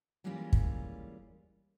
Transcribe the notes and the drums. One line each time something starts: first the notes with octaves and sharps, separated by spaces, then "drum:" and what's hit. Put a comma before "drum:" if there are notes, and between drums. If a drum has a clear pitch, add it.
E3 G3 G#3 A#3 C#4 F4
drum: kick